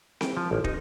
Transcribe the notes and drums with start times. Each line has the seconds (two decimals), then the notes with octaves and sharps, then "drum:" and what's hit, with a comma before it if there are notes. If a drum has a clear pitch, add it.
0.21 G5, drum: snare C4
0.37 F3
0.51 A1
0.64 D#4, drum: kick